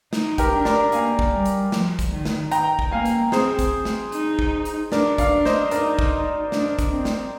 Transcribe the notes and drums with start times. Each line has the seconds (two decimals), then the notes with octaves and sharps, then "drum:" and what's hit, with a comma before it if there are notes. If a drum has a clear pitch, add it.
0.13 D#4, drum: snare
0.38 G4 A#4, drum: kick, hi-hat
0.52 D4
0.65 A#4 D5, drum: snare
0.92 A#3 F5 G#5, drum: hi-hat
1.19 drum: kick
1.32 G3
1.45 drum: hi-hat
1.72 F3, drum: snare
1.99 drum: kick, hi-hat
2.12 D#3
2.25 drum: snare
2.52 G5 A#5, drum: hi-hat
2.79 drum: kick
2.91 A#3 F5 G#5
3.05 drum: hi-hat
3.32 C4 G#4 C5, drum: snare
3.59 drum: kick, hi-hat
3.85 drum: snare
4.12 D#4, drum: hi-hat
4.39 drum: kick
4.65 drum: hi-hat
4.92 D4 A#4 D5, drum: snare
5.18 D5 F5, drum: kick, hi-hat
5.32 D4
5.45 C5 D#5, drum: snare
5.71 D#4 A#4 D5, drum: hi-hat
5.99 drum: kick
6.52 D4, drum: snare
6.79 drum: kick, hi-hat
6.92 C4
7.05 drum: snare